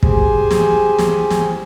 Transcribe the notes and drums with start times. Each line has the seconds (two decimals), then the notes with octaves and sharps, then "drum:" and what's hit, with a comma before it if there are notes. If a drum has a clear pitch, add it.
0.03 G4 G#4 C5 G#5, drum: kick
0.51 drum: snare
0.99 drum: snare
1.30 drum: snare